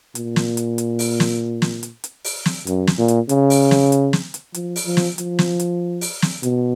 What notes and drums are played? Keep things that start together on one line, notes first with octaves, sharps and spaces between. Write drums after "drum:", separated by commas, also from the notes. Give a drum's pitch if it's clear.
A#2, drum: hi-hat
drum: snare
drum: hi-hat
drum: hi-hat
drum: open hi-hat
drum: snare
drum: snare
drum: hi-hat
drum: hi-hat
drum: open hi-hat
drum: snare
F#2, drum: hi-hat
drum: snare
A#2
drum: hi-hat
C#3, drum: hi-hat
drum: open hi-hat
drum: snare
drum: hi-hat
drum: snare
drum: hi-hat
F3, drum: hi-hat
drum: open hi-hat
F3
drum: snare
F3, drum: hi-hat
drum: snare
drum: hi-hat
drum: open hi-hat
drum: snare
B2, drum: hi-hat